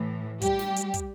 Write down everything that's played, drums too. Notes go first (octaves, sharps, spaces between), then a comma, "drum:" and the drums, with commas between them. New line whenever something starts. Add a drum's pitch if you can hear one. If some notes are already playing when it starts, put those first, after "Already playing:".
Already playing: A2 E3
G3 G4, drum: kick, hi-hat
drum: snare
drum: hi-hat
drum: kick, hi-hat